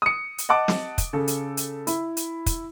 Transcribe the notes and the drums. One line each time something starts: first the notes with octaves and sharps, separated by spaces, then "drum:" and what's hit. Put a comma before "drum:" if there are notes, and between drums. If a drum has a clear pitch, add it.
D#6 C#7
drum: hi-hat
D#5 F#5 A5 D6
drum: snare
drum: kick, hi-hat
C#3 A4
drum: hi-hat
drum: hi-hat
E4, drum: hi-hat
drum: hi-hat
drum: kick, hi-hat